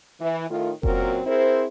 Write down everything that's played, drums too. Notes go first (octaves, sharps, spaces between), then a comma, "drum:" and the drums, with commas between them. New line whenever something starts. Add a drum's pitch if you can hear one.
E3
A2 D#3 F4
F#2 A#2 F#3 C4 F#4 A#4, drum: kick F1
C4 E4 G#4 A#4 C5